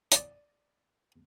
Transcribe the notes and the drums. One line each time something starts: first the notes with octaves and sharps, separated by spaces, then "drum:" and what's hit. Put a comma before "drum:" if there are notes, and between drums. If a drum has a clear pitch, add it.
D5 D#5, drum: hi-hat